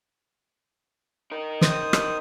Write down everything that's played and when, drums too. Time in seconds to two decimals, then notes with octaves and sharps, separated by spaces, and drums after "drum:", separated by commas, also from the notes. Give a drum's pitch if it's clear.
1.31 D#4 A#4
1.61 C5 D#6, drum: snare
1.93 drum: rim click